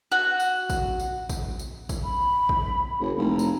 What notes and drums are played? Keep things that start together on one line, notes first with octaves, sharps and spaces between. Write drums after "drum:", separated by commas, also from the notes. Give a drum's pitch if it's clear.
F#4
drum: tambourine
drum: kick A1, tambourine
drum: tambourine
drum: kick A1, tambourine
drum: tambourine
drum: kick A1, tambourine
B5
drum: kick A1
F#1
F1 A#3
A#5
drum: tambourine